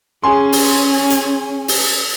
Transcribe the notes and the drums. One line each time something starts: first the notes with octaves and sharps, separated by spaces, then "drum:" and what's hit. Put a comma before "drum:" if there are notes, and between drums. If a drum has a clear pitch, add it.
C#4 G#4 G#5 C6
drum: open hi-hat
drum: hi-hat
drum: open hi-hat